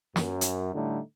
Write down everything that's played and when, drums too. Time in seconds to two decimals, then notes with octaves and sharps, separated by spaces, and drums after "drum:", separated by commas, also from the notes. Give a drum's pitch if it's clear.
0.16 F#2, drum: snare
0.41 drum: hi-hat
0.74 A2 D3 G3 A3 D#4